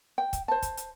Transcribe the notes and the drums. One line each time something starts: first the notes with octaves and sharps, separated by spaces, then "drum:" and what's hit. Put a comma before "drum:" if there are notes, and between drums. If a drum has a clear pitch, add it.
G5
drum: kick, hi-hat
C5 A5
drum: kick, hi-hat
drum: hi-hat